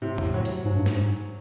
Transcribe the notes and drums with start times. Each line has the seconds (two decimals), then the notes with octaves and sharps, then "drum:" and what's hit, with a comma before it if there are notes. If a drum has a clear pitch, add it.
0.02 A2 C3
0.18 A2, drum: tom
0.34 F#3
0.45 drum: hi-hat
0.65 G#2
0.76 G2
0.86 G#2, drum: snare